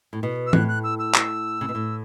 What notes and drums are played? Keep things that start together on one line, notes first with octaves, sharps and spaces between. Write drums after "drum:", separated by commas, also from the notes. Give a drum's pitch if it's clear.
A2
B2
E6
A2 F#6, drum: tom E3
F#6
E6
E6
drum: clap
C#3
B2
A2